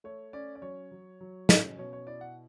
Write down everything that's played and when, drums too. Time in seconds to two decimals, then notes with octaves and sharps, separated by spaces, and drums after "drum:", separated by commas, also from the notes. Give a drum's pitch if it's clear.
0.04 A3 C#5
0.33 C#4 D5
0.55 D5
0.62 F#3 C#5
0.91 F#3
1.21 F#3
1.49 C#4, drum: snare
1.78 B2 C#5
1.93 C#5
2.07 E4 D5
2.21 F#5